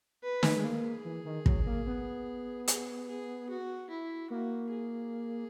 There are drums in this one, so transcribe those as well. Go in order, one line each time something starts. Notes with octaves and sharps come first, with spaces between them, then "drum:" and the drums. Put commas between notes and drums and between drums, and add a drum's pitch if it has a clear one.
B4
drum: snare
G#3
A#3 G#4
E3
D#3
F#3, drum: kick
A#3
B3
G#4, drum: hi-hat
G#4
F#4
E4
A#3 F#4
G#4